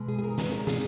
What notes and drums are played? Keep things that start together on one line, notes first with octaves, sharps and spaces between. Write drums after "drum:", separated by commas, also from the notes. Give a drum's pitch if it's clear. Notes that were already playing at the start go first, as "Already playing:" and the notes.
Already playing: B2 G#3
G#4
G#4
A#4
B4, drum: snare
A#4
G#4, drum: snare